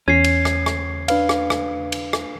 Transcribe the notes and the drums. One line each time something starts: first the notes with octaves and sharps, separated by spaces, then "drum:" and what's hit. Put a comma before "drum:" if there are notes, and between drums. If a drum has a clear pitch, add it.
E2 C#4 G#6 C7
drum: cymbal
drum: rim click
drum: rim click
D4 B4 F5, drum: cymbal
drum: rim click
drum: rim click
drum: cymbal
drum: rim click